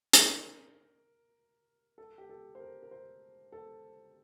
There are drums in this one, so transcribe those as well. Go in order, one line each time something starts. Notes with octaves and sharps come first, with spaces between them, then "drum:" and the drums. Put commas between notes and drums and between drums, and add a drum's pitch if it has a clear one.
A#4, drum: hi-hat
A4
G4
A4
C5
A#4
A#4
C5
A4